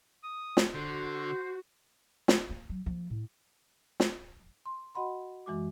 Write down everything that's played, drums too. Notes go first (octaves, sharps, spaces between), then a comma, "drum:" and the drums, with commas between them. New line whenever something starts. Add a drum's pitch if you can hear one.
D#6
drum: snare
D3 F#4 C5
drum: snare
A#3
F#3
F3 A#3
A2
drum: snare
C6
F#4 D#5 F#5 B5 C6
F#2 E3 G#3 F#4 D6